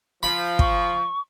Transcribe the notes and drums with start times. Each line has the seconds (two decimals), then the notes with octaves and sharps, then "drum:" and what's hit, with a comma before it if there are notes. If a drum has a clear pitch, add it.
0.23 F3 B5
0.59 C#6, drum: kick